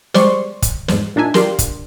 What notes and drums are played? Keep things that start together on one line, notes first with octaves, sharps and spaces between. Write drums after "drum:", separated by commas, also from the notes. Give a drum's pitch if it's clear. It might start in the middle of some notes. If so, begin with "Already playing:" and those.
G3 G#3 C5 D5 C6 C#6, drum: snare
drum: kick, hi-hat
E2 G#2, drum: snare
A#2 D4 D#4 E5 G#5
D4 F4 G4 A#4 C6, drum: snare
drum: kick, hi-hat